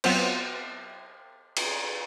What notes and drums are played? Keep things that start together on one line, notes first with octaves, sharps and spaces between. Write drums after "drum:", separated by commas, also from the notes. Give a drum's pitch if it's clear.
F#3 B3 C4 F4 C5, drum: cymbal
drum: cymbal